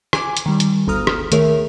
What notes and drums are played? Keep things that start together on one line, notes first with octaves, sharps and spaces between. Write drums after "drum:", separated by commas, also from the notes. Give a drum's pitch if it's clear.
G#5 D6, drum: rim click
drum: hi-hat
D#3 G3
drum: hi-hat
G1 D2 A#5 D#6 F6
drum: rim click
D#3 A3 G#4 A#4 C#5 E5, drum: hi-hat